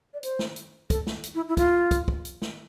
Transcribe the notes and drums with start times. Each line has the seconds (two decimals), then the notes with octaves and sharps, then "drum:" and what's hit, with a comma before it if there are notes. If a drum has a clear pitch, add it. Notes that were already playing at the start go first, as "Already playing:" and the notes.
0.14 D5
0.23 C5, drum: hi-hat
0.39 drum: snare
0.56 drum: hi-hat
0.90 A4, drum: kick, hi-hat
1.07 drum: snare
1.24 drum: hi-hat
1.35 E4
1.48 E4
1.57 F4, drum: kick, hi-hat
1.91 drum: kick, hi-hat
2.08 drum: kick
2.25 drum: hi-hat
2.42 drum: snare